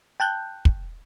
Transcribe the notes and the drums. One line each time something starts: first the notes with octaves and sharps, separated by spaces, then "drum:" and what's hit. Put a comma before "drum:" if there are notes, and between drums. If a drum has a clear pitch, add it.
G5 A5 F#6 G6
drum: kick